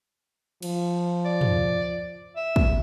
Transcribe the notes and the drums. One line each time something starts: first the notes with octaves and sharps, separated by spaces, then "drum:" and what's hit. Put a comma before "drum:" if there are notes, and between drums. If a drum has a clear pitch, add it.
F3, drum: cymbal
D5
drum: tom
E5
drum: kick